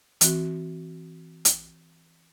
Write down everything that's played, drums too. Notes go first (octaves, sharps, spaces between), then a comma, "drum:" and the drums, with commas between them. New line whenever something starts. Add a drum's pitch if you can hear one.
E3 C4 F#4, drum: hi-hat
drum: hi-hat